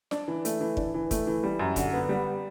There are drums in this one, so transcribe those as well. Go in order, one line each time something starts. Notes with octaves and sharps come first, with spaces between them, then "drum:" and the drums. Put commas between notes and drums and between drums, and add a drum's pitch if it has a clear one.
D4, drum: snare
E3
A3, drum: hi-hat
E3
D4, drum: kick
E3
A3, drum: kick, hi-hat
E3
G3
F#2
D3, drum: kick, hi-hat
B3
G3